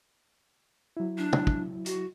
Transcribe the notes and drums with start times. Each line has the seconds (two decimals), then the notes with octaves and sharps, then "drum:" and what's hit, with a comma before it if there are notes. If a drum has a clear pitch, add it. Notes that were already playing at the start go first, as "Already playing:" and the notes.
0.97 F#3 E4
1.18 D4
1.33 drum: tom
1.47 drum: kick
1.86 F#4, drum: hi-hat